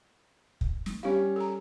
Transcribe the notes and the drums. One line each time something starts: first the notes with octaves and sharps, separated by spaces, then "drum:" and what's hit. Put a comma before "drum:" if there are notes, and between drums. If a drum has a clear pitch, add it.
drum: kick
drum: snare
G3 C#4 G4 F5
A4 A#5